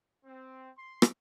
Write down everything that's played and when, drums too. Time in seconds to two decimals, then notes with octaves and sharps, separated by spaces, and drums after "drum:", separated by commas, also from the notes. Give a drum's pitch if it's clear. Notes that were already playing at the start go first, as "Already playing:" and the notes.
0.25 C4
0.78 C6
1.02 drum: rim click